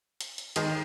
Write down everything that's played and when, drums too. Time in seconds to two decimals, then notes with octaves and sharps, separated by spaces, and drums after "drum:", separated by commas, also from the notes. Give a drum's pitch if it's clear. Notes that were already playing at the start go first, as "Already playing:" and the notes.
0.21 drum: hi-hat
0.38 drum: hi-hat
0.56 D#2 D#3 G#3, drum: hi-hat